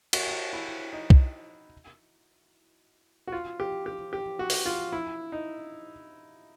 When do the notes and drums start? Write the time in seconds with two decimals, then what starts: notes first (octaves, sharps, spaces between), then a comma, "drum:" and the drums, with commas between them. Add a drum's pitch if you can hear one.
0.13 F#4, drum: cymbal
0.53 E4
0.93 D#4
1.10 drum: kick
3.27 F#4
3.32 F4
3.60 G4
3.86 G4
4.13 G4
4.39 F#4
4.50 drum: open hi-hat
4.66 F4
4.93 E4
5.32 D#4